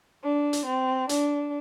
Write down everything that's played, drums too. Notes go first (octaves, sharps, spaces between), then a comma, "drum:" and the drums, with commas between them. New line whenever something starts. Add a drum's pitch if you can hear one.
D4
drum: hi-hat
C4
D4, drum: hi-hat